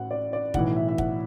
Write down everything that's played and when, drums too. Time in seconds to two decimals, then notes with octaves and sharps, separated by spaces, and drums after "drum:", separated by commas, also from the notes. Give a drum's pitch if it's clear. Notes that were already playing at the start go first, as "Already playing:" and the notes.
Already playing: A1 A2 F#4 F#5
0.11 D5
0.33 D5
0.54 B1 A2 E3 F#5, drum: kick
0.76 E5
0.88 E5
0.98 F#5, drum: kick